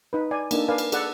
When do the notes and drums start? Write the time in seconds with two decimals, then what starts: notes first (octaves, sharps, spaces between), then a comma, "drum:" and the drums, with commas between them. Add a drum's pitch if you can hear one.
0.13 D#4 B4
0.31 D5 G#5
0.51 A#3 D4 D#4 A4, drum: cymbal
0.69 A#4 B4 D5 F5 G#5
0.78 drum: cymbal
0.92 G#4 A4 D5 F#5 A5, drum: cymbal